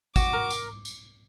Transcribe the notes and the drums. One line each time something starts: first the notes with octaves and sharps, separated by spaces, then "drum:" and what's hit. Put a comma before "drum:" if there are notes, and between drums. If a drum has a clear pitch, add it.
F#4 D6, drum: kick G#1, tambourine
A#4
drum: tambourine
drum: tambourine